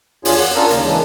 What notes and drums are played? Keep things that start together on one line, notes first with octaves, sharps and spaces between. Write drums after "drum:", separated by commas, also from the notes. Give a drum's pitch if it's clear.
E2 D4 F4 G#4 C#5, drum: open hi-hat
F#5
C#4 D4 F4 A4 A#4
D#2 C#3 A#3, drum: hi-hat
E3 G#3 A#3 D4